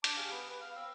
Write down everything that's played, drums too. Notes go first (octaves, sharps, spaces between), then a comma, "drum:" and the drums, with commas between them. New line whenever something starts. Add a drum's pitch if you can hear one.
A5 D6, drum: hi-hat
G4 G#4 F5
B3
B4
F5
G5 E6